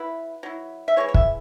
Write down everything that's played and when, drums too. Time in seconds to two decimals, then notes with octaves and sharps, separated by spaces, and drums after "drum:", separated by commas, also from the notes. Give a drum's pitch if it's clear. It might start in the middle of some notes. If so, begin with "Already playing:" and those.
Already playing: F#3 E4 B4
0.43 F#3 E4
0.88 E5
0.96 E3 G#3 E4 C#5
1.09 C#5
1.14 E5, drum: kick